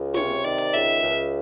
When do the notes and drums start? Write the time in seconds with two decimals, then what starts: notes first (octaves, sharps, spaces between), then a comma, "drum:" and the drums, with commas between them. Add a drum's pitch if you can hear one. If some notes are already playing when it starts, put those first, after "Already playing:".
Already playing: C#2
0.14 C3 C#5, drum: snare
0.44 D#3 D5
0.58 drum: hi-hat
0.73 C#2 E5
1.03 C#2